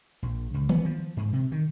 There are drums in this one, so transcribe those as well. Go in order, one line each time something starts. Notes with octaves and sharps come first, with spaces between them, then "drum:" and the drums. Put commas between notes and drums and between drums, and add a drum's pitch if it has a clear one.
A#1
C#2
B3, drum: tom D#3
F3
G#2
C3
D#3